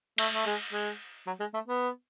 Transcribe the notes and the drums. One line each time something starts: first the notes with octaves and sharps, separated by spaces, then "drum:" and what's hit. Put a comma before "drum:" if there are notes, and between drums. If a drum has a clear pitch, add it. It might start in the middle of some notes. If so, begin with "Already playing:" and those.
A3, drum: cymbal
A3
G#3
G#3
F#3
G#3
A3
B3